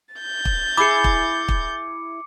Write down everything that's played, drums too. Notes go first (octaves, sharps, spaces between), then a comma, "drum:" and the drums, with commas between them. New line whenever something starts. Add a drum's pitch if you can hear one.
G6 A6
drum: kick
E4 G#4 D6 C#7
drum: kick
drum: kick